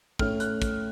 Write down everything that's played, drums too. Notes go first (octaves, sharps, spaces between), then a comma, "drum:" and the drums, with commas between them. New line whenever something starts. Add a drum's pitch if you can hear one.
A2 A3 C#4 F6, drum: kick
F#6, drum: hi-hat
drum: kick, hi-hat